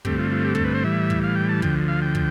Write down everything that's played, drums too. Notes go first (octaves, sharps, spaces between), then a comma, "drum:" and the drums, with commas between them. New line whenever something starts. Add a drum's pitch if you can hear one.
G2 D3 A3 C4 G4, drum: kick
F4
F4
G4
A4, drum: kick
B4
C5
A2 E3 G3 E5
drum: kick
F5
G5
A5
D2 D3 F3 G5, drum: kick
F5
G5
drum: kick